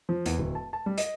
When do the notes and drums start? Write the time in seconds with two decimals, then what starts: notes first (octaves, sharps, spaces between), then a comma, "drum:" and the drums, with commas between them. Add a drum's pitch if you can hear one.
0.09 F3
0.26 E2, drum: hi-hat
0.38 D1
0.55 A5
0.73 A5
0.86 G3
0.98 D#5, drum: hi-hat